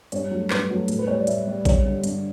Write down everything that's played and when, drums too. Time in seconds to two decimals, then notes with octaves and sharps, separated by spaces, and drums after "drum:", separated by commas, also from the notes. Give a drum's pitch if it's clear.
0.12 G2 C#5, drum: hi-hat
0.31 F#3 A3
0.50 G2 B4, drum: clap
0.70 F#3 A3
0.88 A2 A4, drum: hi-hat
0.99 B4
1.08 G3 C#5
1.18 D5
1.27 A2 E5, drum: hi-hat
1.47 G3
1.65 G2 C#5, drum: kick A#1, hi-hat
1.85 D3
1.90 G3
2.04 G2, drum: hi-hat